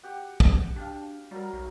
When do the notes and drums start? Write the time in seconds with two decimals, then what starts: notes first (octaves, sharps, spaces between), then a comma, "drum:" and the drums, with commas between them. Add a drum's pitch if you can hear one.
0.03 G4 F#5
0.40 drum: kick
0.76 D4 G4 F5
1.31 F#3 G3 A#4
1.53 B1